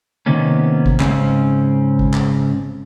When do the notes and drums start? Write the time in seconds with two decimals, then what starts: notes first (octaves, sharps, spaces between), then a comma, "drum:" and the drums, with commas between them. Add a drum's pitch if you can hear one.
0.26 C3 D#3 A#3 B3 C#4
0.86 drum: kick G#1
1.00 G#2 C#3 C4 C#4, drum: clap
1.99 drum: kick G#1
2.14 drum: clap